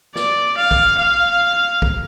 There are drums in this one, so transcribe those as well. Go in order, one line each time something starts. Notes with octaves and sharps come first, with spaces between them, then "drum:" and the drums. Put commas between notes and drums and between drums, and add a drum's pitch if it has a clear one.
D5, drum: snare
F5
drum: kick
F5
drum: kick